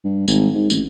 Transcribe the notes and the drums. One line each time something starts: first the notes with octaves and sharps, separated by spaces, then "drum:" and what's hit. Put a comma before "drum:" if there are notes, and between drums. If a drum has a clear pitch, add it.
G2
G#1, drum: tambourine
G#2
A1, drum: tambourine